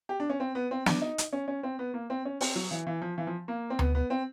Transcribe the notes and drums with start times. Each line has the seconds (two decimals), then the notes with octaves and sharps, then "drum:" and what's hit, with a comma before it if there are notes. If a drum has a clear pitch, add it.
0.09 G4
0.20 D4
0.30 C#4
0.40 C4
0.55 B3
0.71 C4
0.86 D4, drum: snare
1.02 D#4
1.18 drum: hi-hat
1.33 C#4
1.48 C#4
1.63 C4
1.79 B3
1.94 A#3
2.10 C4
2.25 C#4
2.41 C4, drum: open hi-hat
2.56 F#3
2.71 E3
2.87 E3
3.02 F3
3.18 E3
3.27 F3
3.48 A#3
3.70 C4
3.79 B3, drum: tom D2
3.95 B3
4.10 C4